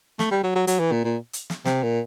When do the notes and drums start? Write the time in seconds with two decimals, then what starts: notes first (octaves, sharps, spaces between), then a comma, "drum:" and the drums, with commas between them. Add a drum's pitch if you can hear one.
0.19 A3, drum: snare
0.31 G3
0.43 F#3
0.56 F#3
0.67 F#3, drum: hi-hat
0.80 E3
0.92 A#2
1.04 A#2
1.33 drum: hi-hat
1.50 drum: snare
1.65 C3, drum: snare
1.83 A#2